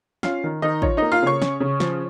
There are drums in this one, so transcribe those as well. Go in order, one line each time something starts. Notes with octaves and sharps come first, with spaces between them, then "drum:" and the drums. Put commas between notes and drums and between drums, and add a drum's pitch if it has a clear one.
C#4 F4 F5, drum: snare
D#3
D#3 D#4 D#5
F4 C#5, drum: kick
A#3 D#4 D#5
F4 F5
C#3 C#5 C#6
C#4, drum: snare
C#3
F3, drum: snare